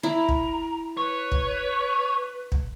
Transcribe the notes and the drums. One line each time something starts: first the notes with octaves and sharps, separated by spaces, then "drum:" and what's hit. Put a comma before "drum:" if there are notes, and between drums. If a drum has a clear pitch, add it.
E4 A#5
drum: kick
B4 C#5
drum: kick
drum: kick